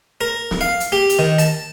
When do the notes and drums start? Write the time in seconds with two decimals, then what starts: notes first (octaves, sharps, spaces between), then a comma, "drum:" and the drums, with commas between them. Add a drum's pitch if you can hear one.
0.21 A#4
0.51 drum: snare
0.61 F5
0.80 drum: hi-hat
0.92 G4
1.09 drum: hi-hat
1.19 D#3
1.39 A5, drum: hi-hat